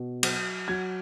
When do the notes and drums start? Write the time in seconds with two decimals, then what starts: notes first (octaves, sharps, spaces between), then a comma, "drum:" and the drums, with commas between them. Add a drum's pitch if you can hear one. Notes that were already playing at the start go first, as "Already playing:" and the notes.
Already playing: B2
0.23 F#3, drum: cymbal
0.68 F#3 G#6